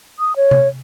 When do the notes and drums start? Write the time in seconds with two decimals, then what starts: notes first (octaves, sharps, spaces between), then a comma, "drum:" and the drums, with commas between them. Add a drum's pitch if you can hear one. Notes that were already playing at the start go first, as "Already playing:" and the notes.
0.19 D#6
0.36 C#5
0.51 drum: tom C3